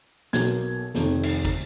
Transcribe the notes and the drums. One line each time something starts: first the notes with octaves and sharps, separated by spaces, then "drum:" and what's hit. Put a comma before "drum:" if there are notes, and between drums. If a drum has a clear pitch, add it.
B1 B2 A#3 G#6, drum: snare
F1 F2 D#3, drum: snare
drum: cymbal
drum: kick